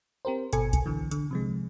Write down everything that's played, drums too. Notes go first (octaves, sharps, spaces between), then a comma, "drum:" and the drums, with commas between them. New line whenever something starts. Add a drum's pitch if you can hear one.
C4 G4 A#4 C5
G#1 B2 A4 G#5 C#7, drum: hi-hat
drum: kick B1, hi-hat
D3 E3
D3, drum: hi-hat
C3 F3 G#3